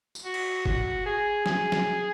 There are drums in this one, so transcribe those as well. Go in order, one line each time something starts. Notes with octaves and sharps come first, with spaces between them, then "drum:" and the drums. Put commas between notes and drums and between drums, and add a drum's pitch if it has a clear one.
drum: tambourine
F#4
drum: cymbal
F#4, drum: kick
G#4
G#4, drum: snare
drum: snare